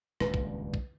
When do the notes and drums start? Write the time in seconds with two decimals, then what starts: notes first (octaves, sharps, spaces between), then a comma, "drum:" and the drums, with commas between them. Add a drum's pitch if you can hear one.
0.20 D#1 C#2 G2 B4, drum: rim click
0.34 drum: kick
0.74 drum: kick